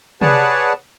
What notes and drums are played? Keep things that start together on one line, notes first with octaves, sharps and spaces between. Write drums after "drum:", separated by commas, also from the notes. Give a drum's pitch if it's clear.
G#4 B4 C#5 D5 F#5 A5, drum: tom C3